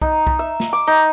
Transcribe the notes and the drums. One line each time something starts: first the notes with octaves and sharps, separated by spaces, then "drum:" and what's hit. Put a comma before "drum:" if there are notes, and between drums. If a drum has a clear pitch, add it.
D#4, drum: kick B1
drum: kick B1
E5
drum: snare
D6
D#4